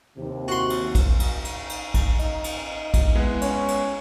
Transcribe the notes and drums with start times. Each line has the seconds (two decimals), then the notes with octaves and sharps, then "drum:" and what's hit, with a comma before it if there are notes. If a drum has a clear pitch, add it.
0.17 D#2 C3
0.48 F#4 C6
0.70 drum: cymbal
0.95 drum: kick, cymbal
1.20 drum: cymbal
1.45 drum: cymbal
1.70 drum: cymbal
1.94 drum: kick, cymbal
2.19 D#4, drum: cymbal
2.44 drum: cymbal
2.94 drum: kick, cymbal
3.15 G#3 B3 E4
3.42 C#4, drum: cymbal
3.68 drum: cymbal